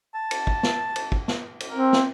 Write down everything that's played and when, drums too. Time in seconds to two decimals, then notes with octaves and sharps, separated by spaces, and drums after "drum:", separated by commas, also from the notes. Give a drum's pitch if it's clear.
0.15 A5
0.31 drum: cymbal
0.47 drum: kick
0.63 drum: snare
0.96 drum: cymbal
1.12 drum: kick
1.28 drum: snare
1.60 drum: cymbal
1.71 C4 A#4
1.93 drum: snare